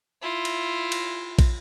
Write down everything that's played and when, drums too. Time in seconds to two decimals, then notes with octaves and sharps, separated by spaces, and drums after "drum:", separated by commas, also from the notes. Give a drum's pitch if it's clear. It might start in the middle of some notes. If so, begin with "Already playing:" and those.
0.22 E4 F4
0.45 drum: cymbal
0.92 drum: cymbal
1.39 drum: kick, cymbal